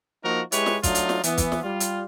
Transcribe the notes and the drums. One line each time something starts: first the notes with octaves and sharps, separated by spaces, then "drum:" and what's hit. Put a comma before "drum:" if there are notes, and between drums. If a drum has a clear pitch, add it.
F3 A#3 D#4 F#4 A#4
G#3 E4 G4 B4 C#5, drum: hi-hat
drum: snare
F#3 A3 D4 D#4 F4, drum: kick, hi-hat
drum: hi-hat
drum: snare
E3 B3, drum: hi-hat
drum: kick, hi-hat
drum: snare
G3 F4
drum: hi-hat